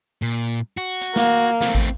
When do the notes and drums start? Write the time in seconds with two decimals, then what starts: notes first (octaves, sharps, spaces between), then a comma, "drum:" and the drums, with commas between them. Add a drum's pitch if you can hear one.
0.22 A#2
0.77 F#4
1.01 drum: hi-hat
1.16 A#3, drum: snare
1.61 A3 C4, drum: snare
1.75 drum: kick